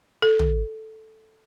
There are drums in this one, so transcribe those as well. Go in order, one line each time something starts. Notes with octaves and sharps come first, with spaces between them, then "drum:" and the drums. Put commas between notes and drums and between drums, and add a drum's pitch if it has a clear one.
A4
drum: tom